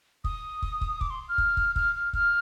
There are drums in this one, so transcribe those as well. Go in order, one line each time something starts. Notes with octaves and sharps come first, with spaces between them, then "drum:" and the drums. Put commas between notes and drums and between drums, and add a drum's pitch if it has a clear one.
D#6, drum: kick
drum: kick
drum: kick
D6, drum: kick
C6
F6
drum: kick
drum: kick
F6, drum: kick
F6
F6, drum: kick